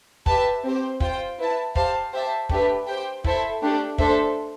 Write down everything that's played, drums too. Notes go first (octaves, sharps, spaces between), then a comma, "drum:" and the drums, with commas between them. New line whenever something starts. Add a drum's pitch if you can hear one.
G4 B4 E5 A5, drum: kick
C4 G4 C5
F4 C5 G5, drum: kick
E4 B4 E5 A5
G4 C5 F5 A5, drum: kick
G4 C5 E5 A5
A3 D4 G4 B4 E5, drum: kick
G4 C5 G5
E4 A4 C5 E5, drum: kick
A3 D4 G4
A3 D4 A4 C5 E5, drum: kick